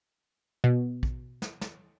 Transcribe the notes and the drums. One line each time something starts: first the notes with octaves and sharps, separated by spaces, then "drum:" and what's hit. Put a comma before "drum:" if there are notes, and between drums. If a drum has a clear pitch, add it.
B2
drum: kick A#1
drum: snare
drum: snare